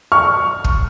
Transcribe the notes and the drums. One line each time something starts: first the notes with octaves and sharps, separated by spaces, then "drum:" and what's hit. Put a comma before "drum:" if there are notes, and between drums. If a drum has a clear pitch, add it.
C#6 F6
drum: kick